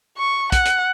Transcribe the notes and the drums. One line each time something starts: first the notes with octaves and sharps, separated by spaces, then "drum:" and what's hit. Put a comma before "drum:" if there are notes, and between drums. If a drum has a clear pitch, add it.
C#6
F#5, drum: kick, hi-hat
drum: hi-hat